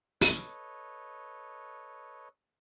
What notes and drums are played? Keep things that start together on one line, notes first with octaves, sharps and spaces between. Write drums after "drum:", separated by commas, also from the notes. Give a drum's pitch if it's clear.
A4 B4 C#5 D#5, drum: open hi-hat